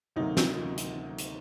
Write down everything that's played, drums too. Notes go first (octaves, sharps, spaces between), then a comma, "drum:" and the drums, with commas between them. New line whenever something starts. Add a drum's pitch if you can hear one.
D2 C3 D#3 F#3 A#3 D#4
drum: snare
drum: hi-hat
drum: hi-hat